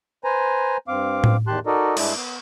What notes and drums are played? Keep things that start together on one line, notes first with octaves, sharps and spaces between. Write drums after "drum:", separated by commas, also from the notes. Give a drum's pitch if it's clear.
B4 C5 G#5 A#5
G2 C4 F5 D6
drum: tom A2
E2 D#3 G4 A5 C6 F#6
D#4 F#4 A4 A#4 D5 D#5
G2 G#3 D4 E4, drum: cymbal
B3